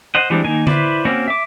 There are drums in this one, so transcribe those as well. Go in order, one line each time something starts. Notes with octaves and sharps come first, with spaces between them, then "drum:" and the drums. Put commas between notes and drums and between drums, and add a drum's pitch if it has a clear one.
C5 D#5 F#5
E3 G3 G#3 C4 D4
D#3 A#3 D#4 G#5
E4 B4 C5 D5, drum: tom D3
A#3 C4 C#4 F#4
E5 D6